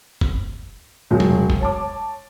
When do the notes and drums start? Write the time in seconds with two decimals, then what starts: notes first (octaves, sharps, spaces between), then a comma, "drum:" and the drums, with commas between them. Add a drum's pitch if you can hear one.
0.21 drum: kick
1.11 E1 F#3
1.20 drum: tom C3
1.50 drum: kick
1.60 C#5 A5 D6